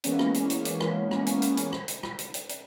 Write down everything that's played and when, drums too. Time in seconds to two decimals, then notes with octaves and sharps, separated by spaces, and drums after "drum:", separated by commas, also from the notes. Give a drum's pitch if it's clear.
0.04 E3 G#3 A#3 B3 C#4, drum: hi-hat
0.19 drum: rim click
0.34 drum: hi-hat
0.50 drum: hi-hat
0.65 drum: hi-hat
0.80 drum: rim click
1.11 drum: rim click
1.27 drum: hi-hat
1.42 drum: hi-hat
1.57 drum: hi-hat
1.73 drum: rim click
1.88 drum: hi-hat
2.03 drum: rim click
2.19 drum: hi-hat
2.34 drum: hi-hat
2.49 drum: hi-hat